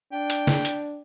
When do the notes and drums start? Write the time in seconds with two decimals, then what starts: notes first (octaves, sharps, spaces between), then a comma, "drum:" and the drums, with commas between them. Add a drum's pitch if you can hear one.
0.12 D4 G5
0.30 drum: hi-hat
0.47 drum: snare
0.65 drum: hi-hat